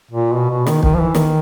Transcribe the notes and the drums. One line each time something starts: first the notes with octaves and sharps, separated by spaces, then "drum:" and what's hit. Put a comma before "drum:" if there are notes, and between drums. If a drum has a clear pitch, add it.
A#2
B2
B2
D#3, drum: snare
D#3, drum: kick
F3
E3
D#3, drum: snare